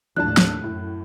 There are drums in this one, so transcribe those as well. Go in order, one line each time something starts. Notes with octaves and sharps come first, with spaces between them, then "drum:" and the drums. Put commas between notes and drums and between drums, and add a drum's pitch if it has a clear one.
D#2 A2 F3 D4 A5 F#6
drum: snare
F#2 A2